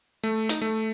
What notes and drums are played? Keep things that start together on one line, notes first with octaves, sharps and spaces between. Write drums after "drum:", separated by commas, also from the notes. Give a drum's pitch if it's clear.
A3
D#4, drum: hi-hat
A3